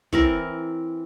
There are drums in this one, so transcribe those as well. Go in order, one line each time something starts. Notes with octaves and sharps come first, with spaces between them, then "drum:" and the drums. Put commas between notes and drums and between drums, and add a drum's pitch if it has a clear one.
E3 C4 A#4, drum: kick